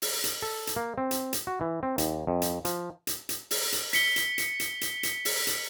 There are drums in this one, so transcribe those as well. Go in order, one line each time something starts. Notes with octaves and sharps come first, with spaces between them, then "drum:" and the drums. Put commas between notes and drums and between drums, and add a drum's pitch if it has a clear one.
drum: open hi-hat
drum: hi-hat
A4
drum: hi-hat
A#3
C4
drum: hi-hat
drum: hi-hat
F#4
E3
C4
D#2, drum: hi-hat
F2
drum: hi-hat
F3, drum: hi-hat
drum: hi-hat
drum: hi-hat
drum: open hi-hat
drum: hi-hat
B6 C#7 G7, drum: hi-hat
drum: hi-hat
drum: hi-hat
drum: hi-hat
drum: hi-hat
drum: hi-hat
drum: open hi-hat
drum: hi-hat